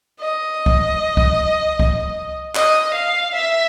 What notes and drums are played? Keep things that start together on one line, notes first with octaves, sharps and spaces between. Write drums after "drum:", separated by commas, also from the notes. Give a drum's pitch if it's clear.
D#5
drum: kick C2
drum: kick C2
drum: kick C2
D#5, drum: clap
F5
E5